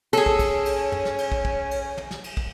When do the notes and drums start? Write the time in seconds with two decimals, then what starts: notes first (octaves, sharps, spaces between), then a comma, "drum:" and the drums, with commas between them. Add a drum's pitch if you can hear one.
0.13 C#4 G#4 A4, drum: cymbal
0.26 drum: kick
0.39 drum: kick, cymbal
0.66 drum: cymbal
0.92 drum: tom
1.05 drum: snare
1.18 drum: cymbal
1.32 drum: kick
1.45 drum: kick
1.71 drum: cymbal
1.98 drum: tom
2.11 drum: snare
2.24 drum: cymbal
2.37 drum: kick